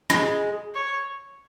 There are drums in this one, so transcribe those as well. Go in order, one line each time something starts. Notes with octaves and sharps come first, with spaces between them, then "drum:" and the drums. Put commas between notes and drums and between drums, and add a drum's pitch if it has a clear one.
G#3, drum: rim click
C#5